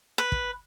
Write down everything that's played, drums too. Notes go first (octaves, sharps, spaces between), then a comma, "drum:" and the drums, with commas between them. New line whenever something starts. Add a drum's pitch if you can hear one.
B4
drum: kick